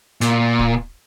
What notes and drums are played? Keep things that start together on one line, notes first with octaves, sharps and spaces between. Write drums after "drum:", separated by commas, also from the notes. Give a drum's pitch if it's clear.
A#2, drum: hi-hat
drum: kick D1